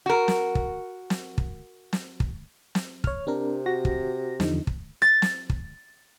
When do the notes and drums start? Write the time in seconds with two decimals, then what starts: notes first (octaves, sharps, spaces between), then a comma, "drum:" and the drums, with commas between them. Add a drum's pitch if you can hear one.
0.06 F#4 A#4
0.28 drum: snare
0.55 drum: kick
1.10 drum: snare
1.38 drum: kick
1.93 drum: snare
2.20 drum: kick
2.75 drum: snare
3.04 C#5 F6, drum: kick
3.27 C3 C4 D4 A#4
3.66 F#4 A#6
3.85 drum: kick
4.40 E2 D3 F3 D#4, drum: snare
4.67 drum: kick
5.02 A6
5.22 drum: snare
5.50 drum: kick